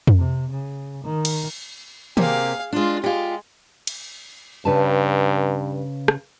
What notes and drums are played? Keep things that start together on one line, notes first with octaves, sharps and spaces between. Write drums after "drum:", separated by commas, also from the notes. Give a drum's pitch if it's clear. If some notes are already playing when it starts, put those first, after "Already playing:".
drum: tom F2
C3
C#3
D#3
drum: cymbal
C3 A#3 G4 G#4 F5, drum: tom D#3
G#3 D4 F4
G#3 F4 G4
drum: cymbal
G2 C#3 B4 A5
drum: rim click